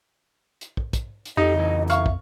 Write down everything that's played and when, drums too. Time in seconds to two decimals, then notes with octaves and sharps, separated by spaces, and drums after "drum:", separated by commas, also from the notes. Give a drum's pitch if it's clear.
0.61 drum: hi-hat
0.77 drum: kick
0.93 drum: kick, hi-hat
1.25 drum: hi-hat
1.37 F2 D#4 G4 A4 D#5
1.54 C#3 E3
1.90 E5 F5 C#6, drum: hi-hat
2.06 drum: kick